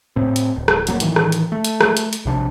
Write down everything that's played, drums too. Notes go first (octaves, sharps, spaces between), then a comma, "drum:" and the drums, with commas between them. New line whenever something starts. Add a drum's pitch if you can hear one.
A2 C4
drum: hi-hat
D1
drum: rim click
D1 F#3 A#3, drum: hi-hat
A2 D#3 E3, drum: hi-hat
drum: rim click
drum: hi-hat
A3
drum: hi-hat
drum: rim click
drum: hi-hat
drum: hi-hat
A#1 C3 D4